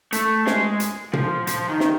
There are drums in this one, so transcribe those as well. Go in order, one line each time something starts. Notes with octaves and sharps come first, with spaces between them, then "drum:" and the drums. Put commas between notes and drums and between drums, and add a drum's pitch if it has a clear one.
A3, drum: hi-hat
G#3, drum: snare
drum: hi-hat
F3, drum: tom A#2
F3, drum: hi-hat
D#3
drum: snare